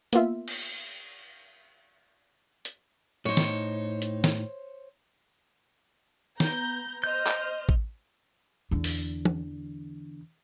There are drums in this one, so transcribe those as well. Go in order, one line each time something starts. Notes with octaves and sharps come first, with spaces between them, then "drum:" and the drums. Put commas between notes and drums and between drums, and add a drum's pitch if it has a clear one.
A#3 B3 F4 E5, drum: hi-hat
drum: cymbal
drum: hi-hat
A2 D#4 C5 C#5
drum: snare
drum: hi-hat
drum: snare
B3 A#5 G6, drum: snare
C5 D#5 F6 G6
drum: clap
drum: kick A1
E2 D3
drum: open hi-hat
drum: tom E3